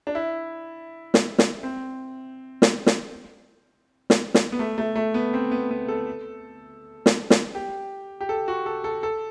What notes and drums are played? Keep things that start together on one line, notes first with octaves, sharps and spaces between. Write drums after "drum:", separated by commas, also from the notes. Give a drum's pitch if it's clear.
D4
E4
drum: snare
drum: snare
C4
drum: snare
drum: snare
drum: snare
drum: snare
B3
A3
A3
A3
B3
C4
B3
B3
A4
drum: snare
drum: snare
G4
G4
A4
F#4
A4
A4
A4